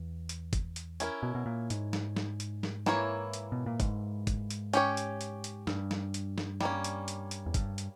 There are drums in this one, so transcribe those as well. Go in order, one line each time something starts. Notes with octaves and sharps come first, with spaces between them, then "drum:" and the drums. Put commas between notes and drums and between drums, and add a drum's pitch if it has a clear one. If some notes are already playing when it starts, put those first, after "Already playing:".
Already playing: E2
drum: hi-hat
drum: kick F#1, hi-hat
drum: hi-hat
C#4 E4 A#4, drum: hi-hat
B2
B2
A#2
G#2, drum: hi-hat
drum: snare
drum: snare
drum: hi-hat
drum: snare
E3 A#3 E4 A#4 C#5, drum: snare
drum: hi-hat
B2
A#2
G#2, drum: kick F#1, hi-hat
drum: kick F#1, hi-hat
drum: hi-hat
C#4 G4 C#5, drum: hi-hat
drum: hi-hat
drum: hi-hat
drum: hi-hat
G2, drum: snare
drum: snare
drum: hi-hat
drum: snare
G3 A#3 C#4, drum: snare
drum: hi-hat
drum: hi-hat
drum: hi-hat
E2
G2, drum: kick F#1, hi-hat
drum: hi-hat